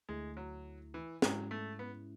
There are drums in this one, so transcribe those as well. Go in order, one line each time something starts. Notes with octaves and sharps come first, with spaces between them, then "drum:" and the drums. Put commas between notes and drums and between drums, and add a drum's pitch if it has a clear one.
D2 D3 G#3 A3 E4
F#3
E3
G#2 F#3 G#3 C#4 E4, drum: snare
A3
B3